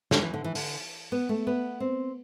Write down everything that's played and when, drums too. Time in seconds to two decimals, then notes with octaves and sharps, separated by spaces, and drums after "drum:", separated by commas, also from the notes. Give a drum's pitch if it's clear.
0.11 D3, drum: snare
0.21 E3
0.34 D3
0.44 E3
0.55 D3, drum: open hi-hat
1.12 B3
1.29 A3
1.47 B3
1.80 C4